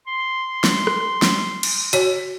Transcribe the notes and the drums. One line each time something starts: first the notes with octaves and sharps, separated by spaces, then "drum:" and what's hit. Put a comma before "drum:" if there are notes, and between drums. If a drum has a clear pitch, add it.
C6
drum: snare
drum: rim click
drum: snare
drum: cymbal
F#4 C#5, drum: hi-hat